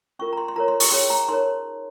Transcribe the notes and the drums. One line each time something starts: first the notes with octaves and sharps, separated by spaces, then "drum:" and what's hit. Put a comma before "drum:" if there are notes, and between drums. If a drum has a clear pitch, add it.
C#4 F4 A#4 C#6
A#5
C6
C6
F4 A#4 C#5 A#5
C6
C#6, drum: open hi-hat
C#4 G#4 C#5 C6
A#5
D#4 A#4 C#5 C6